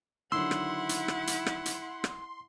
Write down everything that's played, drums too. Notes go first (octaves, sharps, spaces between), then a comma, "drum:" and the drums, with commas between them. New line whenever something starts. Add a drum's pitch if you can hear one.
D3 D#3 F#3 E4 F#5 C6 E6
drum: rim click
drum: hi-hat
drum: rim click
drum: hi-hat
drum: rim click
drum: hi-hat
drum: rim click